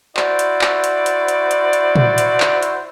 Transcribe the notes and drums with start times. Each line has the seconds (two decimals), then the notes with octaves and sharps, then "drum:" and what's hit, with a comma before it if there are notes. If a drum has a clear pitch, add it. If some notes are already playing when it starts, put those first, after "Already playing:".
0.17 E4 F#4 C5 D5, drum: clap
0.39 drum: hi-hat
0.61 drum: clap
0.84 drum: hi-hat
1.06 drum: hi-hat
1.28 drum: hi-hat
1.51 drum: hi-hat
1.73 drum: hi-hat
1.95 drum: tom
2.18 drum: hi-hat
2.40 drum: clap
2.63 drum: hi-hat